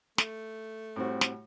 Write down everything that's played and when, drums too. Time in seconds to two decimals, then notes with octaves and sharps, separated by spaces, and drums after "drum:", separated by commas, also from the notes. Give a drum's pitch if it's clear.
0.18 A3, drum: snare
0.96 A2 G3 C4 F#4
1.21 drum: snare